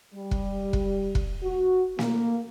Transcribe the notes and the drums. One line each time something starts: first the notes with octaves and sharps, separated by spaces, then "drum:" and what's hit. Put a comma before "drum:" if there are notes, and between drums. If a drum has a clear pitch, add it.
G3
drum: kick F1
drum: kick F1
drum: kick F1
F#4
A#3, drum: snare